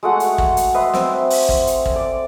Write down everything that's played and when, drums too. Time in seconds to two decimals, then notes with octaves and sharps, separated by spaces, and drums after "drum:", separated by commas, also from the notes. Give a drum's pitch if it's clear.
0.03 G#3 A3 F#4 F#5
0.20 drum: hi-hat
0.38 drum: kick
0.57 drum: hi-hat
0.74 B4 C5 D#5 E5
0.94 C4 E5, drum: snare
1.30 drum: open hi-hat
1.49 drum: kick
1.67 drum: hi-hat
1.86 drum: kick
1.96 D5